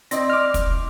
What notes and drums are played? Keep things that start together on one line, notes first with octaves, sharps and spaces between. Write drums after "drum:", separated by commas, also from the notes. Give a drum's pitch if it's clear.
C4 E4 D5 D#5 A#6, drum: hi-hat
D6 F6
drum: kick, hi-hat